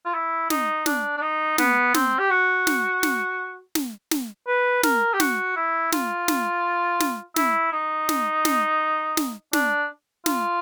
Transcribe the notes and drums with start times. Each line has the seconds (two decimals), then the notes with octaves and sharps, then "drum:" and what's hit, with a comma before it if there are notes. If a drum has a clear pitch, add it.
0.05 F4
0.14 E4
0.50 D#4, drum: snare
0.86 D4, drum: snare
1.17 D4
1.22 D#4
1.58 B3, drum: snare
1.94 C4, drum: snare
2.19 G4
2.30 F#4
2.67 drum: snare
3.03 drum: snare
3.75 drum: snare
4.11 drum: snare
4.47 B4
4.83 A#4, drum: snare
5.14 G4
5.20 F#4, drum: snare
5.56 E4
5.92 F4, drum: snare
6.28 drum: snare
7.00 drum: snare
7.36 E4, drum: snare
7.73 D#4
8.09 drum: snare
8.45 drum: snare
9.17 drum: snare
9.53 D4, drum: snare
10.26 F4, drum: snare